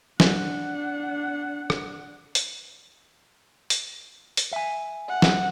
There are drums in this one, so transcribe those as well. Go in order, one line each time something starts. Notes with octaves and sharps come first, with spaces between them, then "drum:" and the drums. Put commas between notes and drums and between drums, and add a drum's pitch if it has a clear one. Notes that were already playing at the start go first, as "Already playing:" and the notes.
D4 F#5, drum: snare
drum: rim click
drum: hi-hat
drum: hi-hat
drum: hi-hat
E5 G#5
F#5
drum: snare